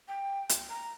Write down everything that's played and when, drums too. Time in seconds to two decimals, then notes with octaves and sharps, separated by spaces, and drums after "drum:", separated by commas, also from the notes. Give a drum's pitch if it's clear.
0.08 G5
0.49 drum: hi-hat
0.70 A#5